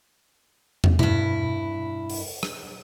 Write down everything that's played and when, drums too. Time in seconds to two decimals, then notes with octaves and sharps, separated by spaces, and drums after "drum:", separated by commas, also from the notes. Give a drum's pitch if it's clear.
0.84 drum: tom
0.99 G2 E4, drum: tom B2
2.10 drum: open hi-hat
2.43 drum: rim click